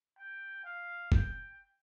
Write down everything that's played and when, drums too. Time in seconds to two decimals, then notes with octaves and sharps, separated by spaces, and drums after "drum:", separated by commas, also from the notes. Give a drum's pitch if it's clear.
0.18 G5
0.65 F5
1.12 G5, drum: kick